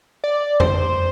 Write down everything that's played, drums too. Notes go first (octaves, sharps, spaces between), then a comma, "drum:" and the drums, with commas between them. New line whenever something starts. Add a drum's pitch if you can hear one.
D5
C5, drum: tom F2